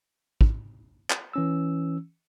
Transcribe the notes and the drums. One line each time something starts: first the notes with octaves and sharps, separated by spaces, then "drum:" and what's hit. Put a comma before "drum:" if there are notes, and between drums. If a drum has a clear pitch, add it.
drum: kick
drum: clap
E3 C#4 E6